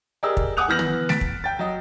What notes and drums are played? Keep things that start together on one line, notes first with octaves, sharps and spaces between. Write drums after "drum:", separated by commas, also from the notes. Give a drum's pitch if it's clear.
G4 G#4 A#4 D5 D#5 E6
drum: kick
F#5 G#5 D6 D#6 F#6 F7
E3 B3 F6 A#6 F#7
drum: tom
A6 B6 D7, drum: snare A3
drum: kick
G5 A6
F#3 D#5